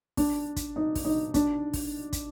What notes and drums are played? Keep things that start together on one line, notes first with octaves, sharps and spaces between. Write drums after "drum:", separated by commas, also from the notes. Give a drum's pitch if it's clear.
D4, drum: kick, open hi-hat
drum: kick, hi-hat
D#4
drum: kick, open hi-hat
D#4
D4, drum: kick, hi-hat
drum: kick, open hi-hat
drum: kick, hi-hat